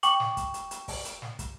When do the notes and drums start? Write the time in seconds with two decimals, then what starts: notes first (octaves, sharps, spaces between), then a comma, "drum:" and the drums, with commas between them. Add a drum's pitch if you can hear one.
0.03 G5 C#6 D6 F#7, drum: hi-hat
0.20 drum: snare
0.37 drum: kick, hi-hat
0.54 drum: hi-hat
0.71 drum: hi-hat
0.88 drum: kick, open hi-hat
1.05 drum: hi-hat
1.22 drum: snare
1.39 drum: kick, hi-hat